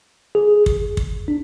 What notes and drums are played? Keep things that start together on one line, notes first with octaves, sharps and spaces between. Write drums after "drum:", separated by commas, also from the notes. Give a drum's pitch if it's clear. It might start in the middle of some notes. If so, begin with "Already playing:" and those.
G#4
drum: kick
drum: kick
D4